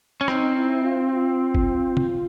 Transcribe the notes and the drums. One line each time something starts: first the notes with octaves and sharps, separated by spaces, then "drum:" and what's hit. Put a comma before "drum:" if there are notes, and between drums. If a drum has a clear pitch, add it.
C#4
C4 D#4, drum: rim click
E4
F4
F4
drum: kick F#1
drum: tom